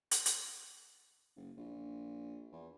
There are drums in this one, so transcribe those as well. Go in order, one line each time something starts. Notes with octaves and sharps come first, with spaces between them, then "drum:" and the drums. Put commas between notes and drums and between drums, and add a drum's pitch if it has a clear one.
drum: hi-hat
drum: hi-hat
F#1
A#1
E2